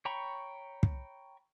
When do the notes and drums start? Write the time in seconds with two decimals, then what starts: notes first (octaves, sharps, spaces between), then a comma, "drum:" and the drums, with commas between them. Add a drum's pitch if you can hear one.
0.05 C#5 G5 A#5 B5 C#6
0.83 drum: kick